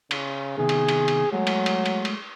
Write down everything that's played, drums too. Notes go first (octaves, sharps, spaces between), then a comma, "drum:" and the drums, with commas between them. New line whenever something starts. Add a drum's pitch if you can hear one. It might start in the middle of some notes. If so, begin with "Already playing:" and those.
C#3, drum: cymbal
C3 D#3 B3 G#4
drum: cymbal
drum: cymbal
drum: cymbal
F#3 G#3 A3 G#4
drum: cymbal
drum: cymbal
drum: cymbal
drum: cymbal